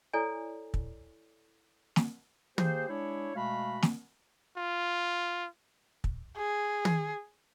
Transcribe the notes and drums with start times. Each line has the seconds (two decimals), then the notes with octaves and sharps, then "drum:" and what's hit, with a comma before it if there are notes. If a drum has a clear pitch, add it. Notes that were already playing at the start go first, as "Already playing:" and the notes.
0.13 E4 A4 C#5 D5 G#5
0.74 drum: kick
1.96 drum: snare
2.58 A#3 G4 G#4 C5, drum: tom
2.89 G#3 D4 E4 C#5
3.36 B2 G#3 A3 F#4 F5 B5
3.82 drum: snare
4.57 F4
6.04 drum: kick
6.37 G#4
6.85 drum: tom